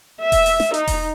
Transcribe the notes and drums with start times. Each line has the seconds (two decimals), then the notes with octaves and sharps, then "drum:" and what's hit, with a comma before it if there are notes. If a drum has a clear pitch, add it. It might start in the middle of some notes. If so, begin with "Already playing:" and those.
0.22 E5
0.32 drum: kick E1, open hi-hat
0.46 drum: open hi-hat
0.60 drum: snare
0.74 D#4, drum: hi-hat
0.88 drum: kick E1, open hi-hat